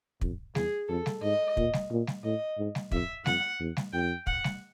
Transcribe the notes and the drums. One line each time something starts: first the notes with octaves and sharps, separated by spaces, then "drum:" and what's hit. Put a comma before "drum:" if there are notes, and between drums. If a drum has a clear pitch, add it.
F2, drum: kick
E2 G#4, drum: snare G3
F2 A4
drum: snare G3
G#2 D#5
A#2, drum: kick
drum: snare G3
A#2
drum: snare G3
A2 D#5
G#2
drum: snare G3
F2 E5, drum: kick
F2 F#5, drum: snare G3
E2
drum: snare G3
F2 G5
F#5, drum: kick
drum: snare G3